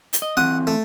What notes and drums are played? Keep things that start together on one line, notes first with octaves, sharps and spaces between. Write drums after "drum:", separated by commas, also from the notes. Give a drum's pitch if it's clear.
drum: hi-hat
D#5
E3 C4 F#5 D#6
A3